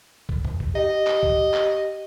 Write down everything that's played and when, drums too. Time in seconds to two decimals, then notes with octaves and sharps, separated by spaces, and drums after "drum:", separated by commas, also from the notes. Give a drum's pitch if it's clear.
0.29 drum: kick C#2
0.45 drum: tom E2
0.60 drum: kick C#2
0.76 G4 D#5
1.07 drum: clap
1.23 drum: kick C#2
1.54 drum: clap